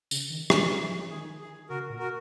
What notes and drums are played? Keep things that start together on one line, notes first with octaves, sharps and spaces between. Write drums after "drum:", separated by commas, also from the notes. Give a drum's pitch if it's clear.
C#3, drum: tambourine
D#3
F#3, drum: rim click
F#3
F3
D#3 G#4
G#4
C#3 F#4 A#4
A#2
F#4 A#4